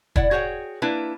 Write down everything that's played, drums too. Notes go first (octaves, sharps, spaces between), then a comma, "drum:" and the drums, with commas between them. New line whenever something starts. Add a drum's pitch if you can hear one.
E4 D5 F#5, drum: kick
F#4 G#4 C#5 F#5 G5
A#3 D4 E4 B4